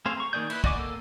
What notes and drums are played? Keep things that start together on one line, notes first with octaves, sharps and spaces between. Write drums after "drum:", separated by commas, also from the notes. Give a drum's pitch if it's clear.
A3 C4 G#4 C5 F5
A#5 C#6
D#3 A#3 G#4 D5 G6
E4 B4, drum: cymbal
F#4 D5 D#5 G#5 D6, drum: kick
A#3 A4